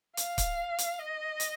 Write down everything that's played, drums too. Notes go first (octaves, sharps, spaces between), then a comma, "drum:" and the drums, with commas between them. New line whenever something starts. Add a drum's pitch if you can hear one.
F5, drum: hi-hat
drum: kick C#1, hi-hat
drum: hi-hat
D#5
drum: hi-hat